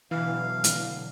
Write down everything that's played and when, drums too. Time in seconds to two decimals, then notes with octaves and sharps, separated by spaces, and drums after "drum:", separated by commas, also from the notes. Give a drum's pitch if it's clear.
0.11 B2 D3 E3 F#3 F5
0.64 drum: hi-hat